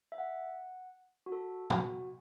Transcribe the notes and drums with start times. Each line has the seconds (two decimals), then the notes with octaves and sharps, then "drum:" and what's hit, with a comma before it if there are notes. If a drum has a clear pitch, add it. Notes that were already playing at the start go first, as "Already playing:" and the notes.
0.12 E5
0.18 F#5
1.26 F#4
1.32 A4
1.70 F#4, drum: tom